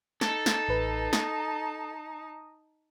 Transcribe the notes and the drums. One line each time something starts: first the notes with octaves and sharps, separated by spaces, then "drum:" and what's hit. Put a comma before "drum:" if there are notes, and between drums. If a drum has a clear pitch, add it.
D#4 A4 A5, drum: snare
drum: snare
A1 B4
A#5 D#6, drum: snare